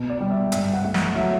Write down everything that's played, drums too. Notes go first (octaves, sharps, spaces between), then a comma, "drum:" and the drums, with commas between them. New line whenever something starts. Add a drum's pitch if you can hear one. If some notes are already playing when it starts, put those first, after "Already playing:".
Already playing: B2
D5
G3
E5
G2 E5, drum: hi-hat
F#5
A3
F#5, drum: snare
F#3 E5